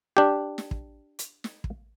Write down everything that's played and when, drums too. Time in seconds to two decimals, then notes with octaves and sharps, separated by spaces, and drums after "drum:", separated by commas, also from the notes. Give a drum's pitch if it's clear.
0.17 D4 G4
0.58 drum: snare
0.71 drum: kick
1.19 drum: hi-hat
1.44 drum: snare
1.64 drum: kick